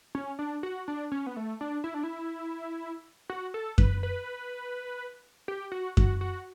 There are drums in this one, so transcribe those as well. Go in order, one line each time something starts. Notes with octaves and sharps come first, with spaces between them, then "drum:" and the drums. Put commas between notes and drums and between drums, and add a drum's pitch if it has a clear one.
C#4
D4
F#4
D4
C#4
B3
A3
D4
E4
D4
E4
F#4
A4
B4, drum: kick F#2
B4
G4
F#4
F#4, drum: kick F#2
F#4